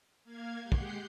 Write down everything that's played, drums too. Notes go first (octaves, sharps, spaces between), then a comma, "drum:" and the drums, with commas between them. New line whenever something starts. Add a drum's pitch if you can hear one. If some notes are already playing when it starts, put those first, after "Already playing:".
A#3 F5 G#6
G#3 G4 F#5 G6 C7
drum: kick